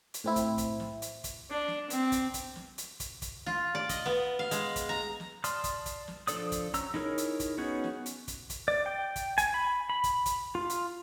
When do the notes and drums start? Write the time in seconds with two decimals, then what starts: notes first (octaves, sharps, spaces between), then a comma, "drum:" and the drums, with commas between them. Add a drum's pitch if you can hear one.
0.14 drum: hi-hat
0.24 A2 C4 E4
0.36 drum: kick, hi-hat
0.58 drum: kick, hi-hat
0.80 drum: snare
1.02 drum: hi-hat
1.24 drum: kick, hi-hat
1.50 D4
1.68 drum: snare
1.90 C4, drum: hi-hat
2.12 drum: kick, hi-hat
2.34 drum: kick, hi-hat
2.56 drum: snare
2.78 drum: hi-hat
3.00 drum: kick, hi-hat
3.22 drum: kick, hi-hat
3.46 F4, drum: snare
3.75 D5
3.89 D#5, drum: kick, hi-hat
4.06 B3
4.39 F5
4.51 G#3, drum: hi-hat
4.76 drum: kick, hi-hat
4.89 A#5
5.20 drum: snare
5.44 D5 A5 C6 D#6 F6, drum: hi-hat
5.64 drum: kick, hi-hat
5.86 drum: kick, hi-hat
6.08 drum: snare
6.27 F3 D4 A4 D5 D#6, drum: hi-hat
6.52 drum: kick, hi-hat
6.74 C#4 A#5 E6, drum: kick, hi-hat
6.94 D#4 E4 G#4 A#4 C#5, drum: snare
7.18 drum: hi-hat
7.40 drum: kick, hi-hat
7.58 B3 C#4 D#4 F#4 G#4
7.84 drum: snare
8.06 drum: hi-hat
8.28 drum: kick, hi-hat
8.50 drum: kick, hi-hat
8.68 D5
8.86 G5
9.16 drum: kick, hi-hat
9.38 G#5, drum: kick, hi-hat
9.54 B5
9.90 B5
10.04 drum: kick, hi-hat
10.26 drum: kick, hi-hat
10.55 F4
10.70 drum: hi-hat